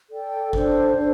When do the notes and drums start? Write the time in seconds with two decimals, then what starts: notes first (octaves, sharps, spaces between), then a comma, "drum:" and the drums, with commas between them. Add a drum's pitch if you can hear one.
0.10 A4 D5 G5
0.53 D4 A4 C5, drum: kick G1
0.96 D4 A4 C5